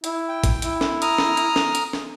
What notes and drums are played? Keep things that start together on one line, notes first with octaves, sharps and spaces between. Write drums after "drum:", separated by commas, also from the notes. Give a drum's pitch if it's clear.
E4, drum: hi-hat
G5
drum: kick A1, hi-hat
E4, drum: hi-hat
drum: snare
A#5 D#6 F6, drum: hi-hat
drum: snare
drum: hi-hat
drum: snare
drum: hi-hat
drum: snare